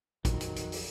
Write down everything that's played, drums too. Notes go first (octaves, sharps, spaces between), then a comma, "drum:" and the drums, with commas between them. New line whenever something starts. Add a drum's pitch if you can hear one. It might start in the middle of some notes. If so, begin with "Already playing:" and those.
F2 A#2 D#3 F#3, drum: kick, hi-hat
drum: hi-hat
drum: hi-hat
drum: open hi-hat